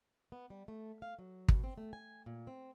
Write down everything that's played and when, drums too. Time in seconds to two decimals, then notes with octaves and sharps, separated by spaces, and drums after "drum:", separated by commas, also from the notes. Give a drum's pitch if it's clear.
0.32 B3
0.50 G3
0.68 A3
1.02 F5
1.19 F#3
1.48 B2, drum: kick
1.64 C4
1.78 A3
1.93 G#5
2.26 A#2
2.47 C4